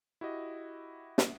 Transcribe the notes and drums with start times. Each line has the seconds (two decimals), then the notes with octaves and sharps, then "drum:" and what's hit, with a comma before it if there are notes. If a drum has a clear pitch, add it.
0.21 E4 F#4 G4 D#5
1.18 drum: snare